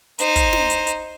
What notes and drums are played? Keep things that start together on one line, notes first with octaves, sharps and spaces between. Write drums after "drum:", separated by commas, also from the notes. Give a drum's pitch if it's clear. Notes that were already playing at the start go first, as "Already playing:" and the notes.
D#4 C5, drum: hi-hat
drum: kick, hi-hat
drum: snare
drum: hi-hat
drum: hi-hat